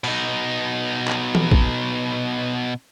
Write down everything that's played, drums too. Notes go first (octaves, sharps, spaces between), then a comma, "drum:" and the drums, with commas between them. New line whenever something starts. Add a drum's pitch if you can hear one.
B2 D#4, drum: open hi-hat
drum: clap
drum: tom
drum: kick A#1